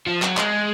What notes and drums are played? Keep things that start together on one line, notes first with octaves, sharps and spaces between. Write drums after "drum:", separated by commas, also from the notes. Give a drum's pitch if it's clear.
F3
F#3, drum: clap
G#3, drum: clap